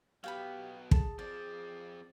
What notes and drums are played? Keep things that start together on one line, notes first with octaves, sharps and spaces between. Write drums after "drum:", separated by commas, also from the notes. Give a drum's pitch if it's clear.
F#3 B3 G4 F5 G5 B5
G#4 A4, drum: kick
F3 C4 D5